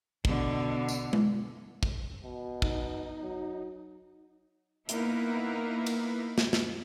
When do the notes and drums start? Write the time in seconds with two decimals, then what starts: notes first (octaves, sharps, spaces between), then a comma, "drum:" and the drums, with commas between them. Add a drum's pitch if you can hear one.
0.25 B2 D3, drum: kick
0.88 drum: tambourine
1.13 drum: tom G#3
1.83 drum: kick
2.24 B2
2.62 D#4, drum: kick
3.22 F#3
4.89 A#3 B3 D#4 E4 A#4 B4, drum: hi-hat
5.86 drum: cymbal
6.38 drum: snare
6.53 drum: snare